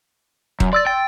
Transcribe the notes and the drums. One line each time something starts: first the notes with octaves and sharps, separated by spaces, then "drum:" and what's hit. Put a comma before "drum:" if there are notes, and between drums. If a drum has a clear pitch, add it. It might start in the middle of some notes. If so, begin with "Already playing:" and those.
F#2, drum: kick D#1
D5 C6 E6 A6
G5 A6